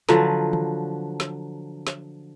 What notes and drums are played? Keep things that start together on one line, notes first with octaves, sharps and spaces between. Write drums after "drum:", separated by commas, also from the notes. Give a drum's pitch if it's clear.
D3 F3 F#3 B4, drum: snare
drum: tom D#3
drum: snare
drum: snare